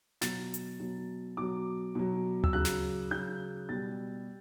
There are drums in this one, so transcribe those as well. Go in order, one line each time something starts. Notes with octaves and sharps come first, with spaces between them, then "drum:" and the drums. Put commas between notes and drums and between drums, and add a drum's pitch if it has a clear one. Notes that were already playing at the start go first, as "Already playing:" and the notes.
B2 F#3 A6, drum: snare
drum: hi-hat
B2 F#3
B2 F#3 D6
B2 F#3
E6, drum: tom D2
C#3 F#3 F#6
drum: snare
C#3 F#3 G6
B2 G3 A6